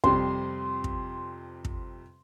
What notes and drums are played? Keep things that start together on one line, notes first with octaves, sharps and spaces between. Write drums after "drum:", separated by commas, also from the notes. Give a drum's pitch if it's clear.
F2 C3 G3 C6, drum: kick
drum: kick
drum: kick